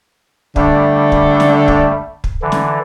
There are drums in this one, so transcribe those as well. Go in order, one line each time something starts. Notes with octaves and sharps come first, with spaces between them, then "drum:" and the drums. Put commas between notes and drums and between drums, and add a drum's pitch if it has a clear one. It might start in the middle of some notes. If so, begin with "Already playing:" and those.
D3 G3 A3, drum: kick
drum: kick
drum: snare
drum: kick
drum: kick
D3 E3
drum: snare